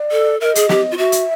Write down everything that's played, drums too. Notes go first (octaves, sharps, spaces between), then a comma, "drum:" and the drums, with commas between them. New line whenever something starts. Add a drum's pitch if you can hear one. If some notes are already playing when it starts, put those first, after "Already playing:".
Already playing: D5
A4
A#4 D#5 E5
G#4, drum: hi-hat
G4, drum: snare
F4
F#4 E5
drum: hi-hat